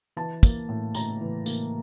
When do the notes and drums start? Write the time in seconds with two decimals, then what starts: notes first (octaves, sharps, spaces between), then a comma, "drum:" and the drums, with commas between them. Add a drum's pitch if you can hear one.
0.17 E3 A5
0.43 A#3, drum: kick, tambourine
0.69 A2
0.94 A2 A#5, drum: tambourine
1.21 E3
1.46 A#3, drum: tambourine